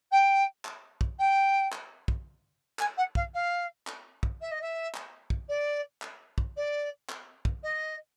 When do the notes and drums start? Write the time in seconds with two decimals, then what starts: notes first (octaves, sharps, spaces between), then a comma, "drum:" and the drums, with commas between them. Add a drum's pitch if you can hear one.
0.11 G5
0.65 drum: clap
1.01 drum: kick
1.19 G5
1.72 drum: clap
2.08 drum: kick
2.79 G#5, drum: clap
2.97 F#5
3.15 F5, drum: kick
3.34 F5
3.87 drum: clap
4.23 drum: kick
4.40 E5
4.51 D#5
4.61 E5
4.95 drum: clap
5.30 drum: kick
5.48 D5
6.02 drum: clap
6.38 drum: kick
6.56 D5
7.09 drum: clap
7.45 drum: kick
7.63 D#5